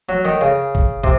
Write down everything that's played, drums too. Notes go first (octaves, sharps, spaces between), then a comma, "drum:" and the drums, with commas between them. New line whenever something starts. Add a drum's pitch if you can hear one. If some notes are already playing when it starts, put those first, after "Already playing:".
F#3
D#3
C#3
drum: kick
C3, drum: kick